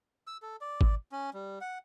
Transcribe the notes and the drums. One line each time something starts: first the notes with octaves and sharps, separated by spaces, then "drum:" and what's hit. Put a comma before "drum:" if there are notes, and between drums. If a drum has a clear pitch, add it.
E6
A4
D5
drum: kick G#1
C#4
G3
F#5